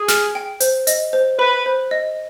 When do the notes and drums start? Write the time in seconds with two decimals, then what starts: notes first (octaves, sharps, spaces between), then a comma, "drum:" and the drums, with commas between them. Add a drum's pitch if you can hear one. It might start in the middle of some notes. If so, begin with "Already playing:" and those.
Already playing: G#4
0.08 F6, drum: snare
0.35 G5
0.60 C5, drum: hi-hat
0.87 D#5, drum: hi-hat
1.13 C5
1.39 B4 B5
1.66 C5
1.91 D#5